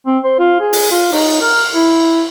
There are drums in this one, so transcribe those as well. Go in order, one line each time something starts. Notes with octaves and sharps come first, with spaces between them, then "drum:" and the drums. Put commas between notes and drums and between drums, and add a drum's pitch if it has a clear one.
C4
C5
F4
G#4
drum: open hi-hat
F4
D#4, drum: cymbal
A#4
E4